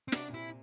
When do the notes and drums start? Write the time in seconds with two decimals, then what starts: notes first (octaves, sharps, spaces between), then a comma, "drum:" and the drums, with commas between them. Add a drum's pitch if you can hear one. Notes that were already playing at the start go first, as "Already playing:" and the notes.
0.08 C4
0.12 C3 D4, drum: snare
0.29 A#2
0.34 C3 E4